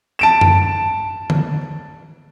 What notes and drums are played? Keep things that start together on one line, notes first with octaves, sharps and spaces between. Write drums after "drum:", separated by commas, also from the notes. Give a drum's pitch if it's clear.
A5 D7 E7
drum: tom F#2
drum: tom D3